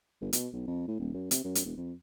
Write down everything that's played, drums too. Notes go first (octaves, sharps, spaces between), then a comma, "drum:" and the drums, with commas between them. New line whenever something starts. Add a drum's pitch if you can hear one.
G1
B2, drum: hi-hat
B1
F2
A2
D#1
F#2
C3, drum: hi-hat
F#2
drum: hi-hat
E1
F2